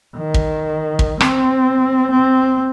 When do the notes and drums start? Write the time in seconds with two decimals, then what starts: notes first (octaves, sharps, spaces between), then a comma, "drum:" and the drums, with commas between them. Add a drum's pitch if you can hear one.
0.17 D#3
0.34 drum: kick
0.99 drum: kick
1.21 C4, drum: rim click
2.11 C4